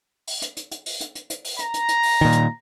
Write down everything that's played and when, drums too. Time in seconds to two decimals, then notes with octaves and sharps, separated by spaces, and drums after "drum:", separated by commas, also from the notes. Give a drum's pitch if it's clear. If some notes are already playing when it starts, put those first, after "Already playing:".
0.27 drum: open hi-hat
0.42 drum: hi-hat
0.57 drum: hi-hat
0.71 drum: hi-hat
0.86 drum: open hi-hat
1.01 drum: hi-hat
1.15 drum: hi-hat
1.30 drum: hi-hat
1.45 drum: open hi-hat
1.59 A#5, drum: hi-hat
1.74 drum: hi-hat
1.89 drum: hi-hat
2.03 drum: open hi-hat
2.21 A#2 D#3
2.32 drum: hi-hat